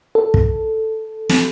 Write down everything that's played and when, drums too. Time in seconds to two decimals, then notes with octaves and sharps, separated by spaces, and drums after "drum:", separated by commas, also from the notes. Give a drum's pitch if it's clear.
0.15 A4
0.34 drum: kick
1.29 drum: snare